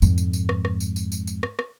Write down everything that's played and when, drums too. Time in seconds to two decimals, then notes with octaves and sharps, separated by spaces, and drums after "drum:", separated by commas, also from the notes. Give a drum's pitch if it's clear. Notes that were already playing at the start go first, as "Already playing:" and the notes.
0.02 F2 G#2, drum: tambourine
0.18 drum: tambourine
0.33 drum: tambourine
0.49 drum: rim click
0.65 drum: rim click
0.80 drum: tambourine
0.96 drum: tambourine
1.12 drum: tambourine
1.27 drum: tambourine
1.43 drum: rim click
1.59 drum: rim click